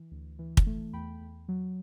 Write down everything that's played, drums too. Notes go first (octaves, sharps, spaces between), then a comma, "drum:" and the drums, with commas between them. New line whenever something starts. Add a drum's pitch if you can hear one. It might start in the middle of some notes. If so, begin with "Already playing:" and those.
Already playing: E3
D2
E3
drum: kick
A3
E2 G5 B5
E2
F#3